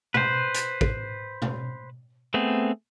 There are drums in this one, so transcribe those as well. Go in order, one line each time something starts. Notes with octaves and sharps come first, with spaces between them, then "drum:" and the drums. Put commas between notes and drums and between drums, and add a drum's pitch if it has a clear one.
B4 C5, drum: tom B2
drum: hi-hat
drum: kick
drum: tom B2
A3 B3 C4 G#4